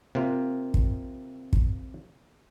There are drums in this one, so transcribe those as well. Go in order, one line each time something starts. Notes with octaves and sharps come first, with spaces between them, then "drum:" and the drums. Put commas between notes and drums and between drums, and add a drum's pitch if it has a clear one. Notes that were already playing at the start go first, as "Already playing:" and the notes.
C3 A#3 F4
drum: kick
drum: kick